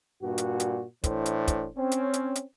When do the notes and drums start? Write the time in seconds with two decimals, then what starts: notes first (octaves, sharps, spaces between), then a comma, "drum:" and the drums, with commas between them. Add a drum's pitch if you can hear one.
0.23 G2 A#2 F#4
0.38 drum: hi-hat
0.60 drum: hi-hat
1.04 A2 E3 D4 C5, drum: kick, hi-hat
1.26 drum: hi-hat
1.48 drum: kick, hi-hat
1.77 C4 C#4
1.92 drum: hi-hat
2.13 drum: hi-hat
2.35 drum: hi-hat